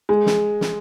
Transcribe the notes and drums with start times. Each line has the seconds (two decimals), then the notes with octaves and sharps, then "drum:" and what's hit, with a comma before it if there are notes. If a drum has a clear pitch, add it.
0.09 G#3
0.26 drum: snare
0.61 drum: snare